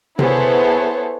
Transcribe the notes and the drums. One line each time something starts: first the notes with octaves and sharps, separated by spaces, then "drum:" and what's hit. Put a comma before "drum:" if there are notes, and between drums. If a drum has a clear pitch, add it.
B3 E4 G#4 A4 C5 C#5, drum: tom C3